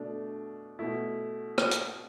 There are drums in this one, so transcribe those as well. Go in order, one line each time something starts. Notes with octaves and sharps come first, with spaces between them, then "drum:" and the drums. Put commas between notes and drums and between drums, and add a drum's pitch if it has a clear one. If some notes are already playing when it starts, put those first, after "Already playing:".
Already playing: B2 A3 D4
B2 A3 E4
drum: rim click
drum: hi-hat